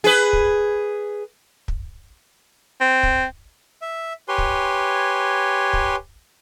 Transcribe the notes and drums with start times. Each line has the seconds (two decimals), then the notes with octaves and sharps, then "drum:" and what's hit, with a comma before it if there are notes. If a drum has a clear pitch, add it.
0.04 G#4 B4
0.33 drum: kick
1.68 drum: kick
2.81 C4
3.03 drum: kick
3.82 E5
4.28 G4 B4 C#5 G#5 C6
4.38 drum: kick
5.73 drum: kick